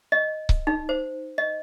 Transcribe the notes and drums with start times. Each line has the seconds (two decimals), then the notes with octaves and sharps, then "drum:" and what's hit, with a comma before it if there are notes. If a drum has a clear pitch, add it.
0.12 D#5
0.49 drum: kick C#1
0.67 D#4
0.89 C5
1.38 D#5